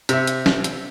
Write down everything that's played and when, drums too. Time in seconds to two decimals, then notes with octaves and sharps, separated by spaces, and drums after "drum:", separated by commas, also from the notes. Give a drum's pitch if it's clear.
0.09 C3 E5, drum: hi-hat
0.27 drum: hi-hat
0.46 drum: snare
0.64 drum: hi-hat